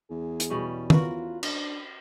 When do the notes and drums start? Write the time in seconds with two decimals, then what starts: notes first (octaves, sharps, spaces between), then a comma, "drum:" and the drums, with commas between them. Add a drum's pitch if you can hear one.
0.11 E2 G#4
0.40 drum: hi-hat
0.50 B2 G3 C#4
0.90 F4 F#4 A#4 B4, drum: tom D#3
1.43 D4, drum: cymbal